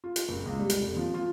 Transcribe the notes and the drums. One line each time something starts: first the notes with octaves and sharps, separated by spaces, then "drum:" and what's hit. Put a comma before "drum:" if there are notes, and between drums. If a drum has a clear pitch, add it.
F4
drum: hi-hat
F#1
C#2
G3
drum: hi-hat
F1
F3
F4